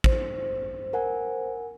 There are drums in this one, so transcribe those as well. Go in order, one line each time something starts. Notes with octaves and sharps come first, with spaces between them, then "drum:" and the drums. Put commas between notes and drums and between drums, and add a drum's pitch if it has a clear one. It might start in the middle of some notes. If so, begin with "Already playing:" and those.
C5, drum: kick
A#4 F#5 G#5